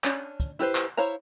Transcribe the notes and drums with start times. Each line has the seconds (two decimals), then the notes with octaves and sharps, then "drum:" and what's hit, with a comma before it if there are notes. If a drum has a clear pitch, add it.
0.04 C#4 D4, drum: clap
0.40 drum: kick, hi-hat
0.59 E4 G4 B4 C5
0.75 drum: clap
0.97 E4 C5 C#5 F5 A#5